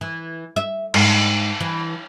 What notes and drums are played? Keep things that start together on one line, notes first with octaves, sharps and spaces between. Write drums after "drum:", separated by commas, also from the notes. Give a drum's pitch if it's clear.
E3
E5
G#2, drum: cymbal
E3